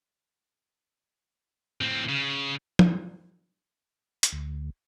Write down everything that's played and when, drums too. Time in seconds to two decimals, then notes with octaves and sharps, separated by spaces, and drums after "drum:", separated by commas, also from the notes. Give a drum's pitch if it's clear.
1.81 A2 C4
2.09 C#3
2.79 drum: tom
4.23 drum: hi-hat
4.32 D2